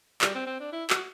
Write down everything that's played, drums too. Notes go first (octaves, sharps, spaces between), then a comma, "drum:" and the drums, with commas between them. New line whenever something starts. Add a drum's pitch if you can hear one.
G3, drum: clap
C4
C4
D4
E4
F#4, drum: clap